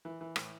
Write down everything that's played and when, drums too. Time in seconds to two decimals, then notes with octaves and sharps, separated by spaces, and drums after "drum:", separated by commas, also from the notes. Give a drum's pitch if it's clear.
0.05 E3
0.21 E3
0.36 A2, drum: rim click